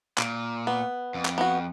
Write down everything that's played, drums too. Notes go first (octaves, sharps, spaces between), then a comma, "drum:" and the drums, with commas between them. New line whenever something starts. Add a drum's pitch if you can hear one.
A#2, drum: clap
B3
F2
drum: clap
B3 F#4